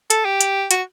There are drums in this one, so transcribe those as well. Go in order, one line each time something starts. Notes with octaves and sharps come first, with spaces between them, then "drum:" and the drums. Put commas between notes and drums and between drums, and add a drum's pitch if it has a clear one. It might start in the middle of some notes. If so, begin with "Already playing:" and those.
A4, drum: hi-hat
G4
drum: hi-hat
F#4, drum: hi-hat